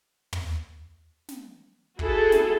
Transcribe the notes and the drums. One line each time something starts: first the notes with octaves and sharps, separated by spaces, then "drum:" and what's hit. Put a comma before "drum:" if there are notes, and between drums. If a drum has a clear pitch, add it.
drum: tom
drum: snare
E4 F#4 G#4 A4, drum: kick
drum: snare